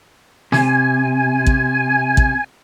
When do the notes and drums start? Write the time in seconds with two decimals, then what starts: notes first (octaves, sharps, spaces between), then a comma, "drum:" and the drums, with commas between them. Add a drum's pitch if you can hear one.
0.52 C3 G#5, drum: snare
1.47 drum: kick
2.17 drum: kick